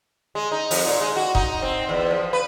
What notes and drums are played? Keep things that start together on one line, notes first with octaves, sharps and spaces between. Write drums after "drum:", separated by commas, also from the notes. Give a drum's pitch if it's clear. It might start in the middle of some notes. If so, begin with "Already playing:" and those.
G#3
D#4
F2, drum: open hi-hat
A#2
G#3
F#4
D#4, drum: kick E1
C4
E2
F3
B4